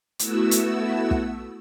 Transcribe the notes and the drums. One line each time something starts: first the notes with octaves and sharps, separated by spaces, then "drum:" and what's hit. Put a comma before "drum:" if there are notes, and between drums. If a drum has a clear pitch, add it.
A3 B3 E4 F#4 E6, drum: hi-hat
drum: hi-hat
drum: kick